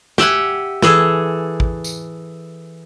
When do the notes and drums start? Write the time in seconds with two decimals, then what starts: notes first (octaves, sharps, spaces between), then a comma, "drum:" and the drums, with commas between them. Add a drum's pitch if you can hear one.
0.18 G4 E5 F#5 G#5, drum: snare
0.82 E3 G#4 A4, drum: snare
1.60 drum: kick
1.84 drum: tambourine